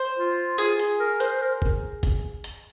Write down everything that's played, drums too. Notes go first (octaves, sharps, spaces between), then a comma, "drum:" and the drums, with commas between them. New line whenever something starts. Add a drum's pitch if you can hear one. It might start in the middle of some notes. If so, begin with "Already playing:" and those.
Already playing: C5
F4
F4 G#4
drum: hi-hat
A#4
C5, drum: hi-hat
A#4
drum: kick
drum: kick, hi-hat
drum: hi-hat